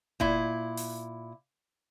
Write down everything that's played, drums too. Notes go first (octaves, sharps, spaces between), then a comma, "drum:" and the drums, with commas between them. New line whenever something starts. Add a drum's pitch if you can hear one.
A#2 E4, drum: kick F1
drum: open hi-hat